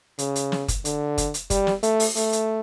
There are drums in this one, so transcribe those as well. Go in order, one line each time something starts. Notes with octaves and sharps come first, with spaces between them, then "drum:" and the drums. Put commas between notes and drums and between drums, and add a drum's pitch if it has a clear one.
C#3, drum: hi-hat
drum: hi-hat
drum: snare
drum: kick, hi-hat
D3, drum: hi-hat
drum: kick, hi-hat
drum: hi-hat
G3, drum: kick, hi-hat
drum: snare
A3, drum: hi-hat
drum: open hi-hat
A3, drum: hi-hat
drum: hi-hat